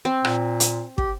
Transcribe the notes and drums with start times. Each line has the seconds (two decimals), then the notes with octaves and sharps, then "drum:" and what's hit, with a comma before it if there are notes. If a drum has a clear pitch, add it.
0.05 C4
0.25 A#2, drum: rim click
0.60 drum: hi-hat
0.98 G4, drum: kick